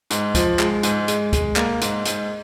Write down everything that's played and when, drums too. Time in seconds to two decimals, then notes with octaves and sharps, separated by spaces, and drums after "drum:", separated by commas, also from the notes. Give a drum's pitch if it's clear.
0.10 G#2, drum: hi-hat
0.35 F3, drum: kick, hi-hat
0.59 G#3, drum: clap
0.83 G#2, drum: hi-hat
1.08 G#3, drum: hi-hat
1.33 G#3, drum: kick, hi-hat
1.56 A#3, drum: clap
1.81 G#2, drum: hi-hat
2.05 G#2, drum: hi-hat